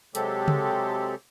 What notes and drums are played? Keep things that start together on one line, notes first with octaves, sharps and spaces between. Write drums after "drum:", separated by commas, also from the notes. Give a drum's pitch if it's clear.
C3 F#3 G#3 C4 G4 A4, drum: hi-hat
drum: tom C#3